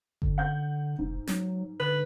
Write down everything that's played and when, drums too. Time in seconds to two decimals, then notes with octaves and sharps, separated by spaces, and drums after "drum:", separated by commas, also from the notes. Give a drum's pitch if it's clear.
0.22 D3, drum: kick G1
0.38 F#5 G6
0.99 F1 G#2
1.27 F#3, drum: snare
1.80 D3 B4